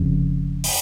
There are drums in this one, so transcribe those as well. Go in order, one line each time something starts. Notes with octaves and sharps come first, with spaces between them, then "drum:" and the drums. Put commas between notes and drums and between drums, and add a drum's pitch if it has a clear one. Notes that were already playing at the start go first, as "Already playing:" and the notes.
Already playing: F1 F2 C#3
drum: open hi-hat